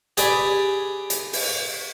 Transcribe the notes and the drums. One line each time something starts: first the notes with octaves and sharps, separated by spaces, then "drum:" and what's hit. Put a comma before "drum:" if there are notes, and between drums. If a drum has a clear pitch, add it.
G4 G#4 B4 D5, drum: hi-hat
drum: hi-hat
drum: open hi-hat